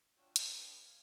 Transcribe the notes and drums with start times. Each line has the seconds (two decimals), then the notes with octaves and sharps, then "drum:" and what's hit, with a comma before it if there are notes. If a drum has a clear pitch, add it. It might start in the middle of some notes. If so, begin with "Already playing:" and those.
0.17 D4 F4 F#4 C#5 G5 E6
0.36 B3 D4 B4 C5 F5 A#5, drum: hi-hat
0.56 D4 G#4 B4 D5 G5 D#6
0.81 F5 G#5